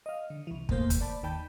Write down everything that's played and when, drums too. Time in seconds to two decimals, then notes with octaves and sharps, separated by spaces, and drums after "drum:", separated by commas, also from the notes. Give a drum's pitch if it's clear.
0.06 D#5 F5
0.30 D3
0.47 C2 E3
0.69 A1 E2 A2 A#3 C5 G6, drum: kick
0.90 drum: kick, hi-hat
1.01 D5 A5 B5
1.23 D#2 D#3 G5 A5 B5 G6